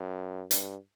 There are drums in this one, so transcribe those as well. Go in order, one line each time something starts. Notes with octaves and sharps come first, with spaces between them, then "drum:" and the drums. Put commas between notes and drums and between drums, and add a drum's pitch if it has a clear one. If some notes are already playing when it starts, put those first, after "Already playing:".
Already playing: F#2
G2, drum: hi-hat